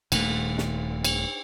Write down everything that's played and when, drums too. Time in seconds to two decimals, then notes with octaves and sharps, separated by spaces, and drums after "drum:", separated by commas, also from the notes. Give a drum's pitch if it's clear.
0.12 D#1 D#2 A#2 A3, drum: cymbal
0.58 drum: snare
1.05 drum: cymbal